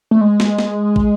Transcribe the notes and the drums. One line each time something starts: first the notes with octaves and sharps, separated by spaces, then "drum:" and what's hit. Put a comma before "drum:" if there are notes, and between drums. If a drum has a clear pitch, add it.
A3
G#3
drum: snare
drum: snare
drum: kick